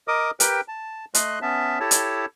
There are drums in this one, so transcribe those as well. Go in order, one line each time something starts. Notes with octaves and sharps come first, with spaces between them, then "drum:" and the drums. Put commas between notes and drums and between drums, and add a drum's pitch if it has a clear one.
A#4 D#5 D6 D#6
G4 A#4 B4 G5, drum: hi-hat
A5
A3 D#5 C6 F#6, drum: hi-hat
B3 C#4 E5 A5
E4 G4 A4 C#5 A5
drum: hi-hat